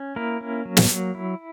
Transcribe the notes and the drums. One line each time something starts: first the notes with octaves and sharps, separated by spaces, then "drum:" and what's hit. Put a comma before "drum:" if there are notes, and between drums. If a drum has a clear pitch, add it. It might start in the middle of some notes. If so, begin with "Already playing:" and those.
Already playing: C#4
A#3 E4 A#4
C#4
F#3
drum: snare
F#3
E4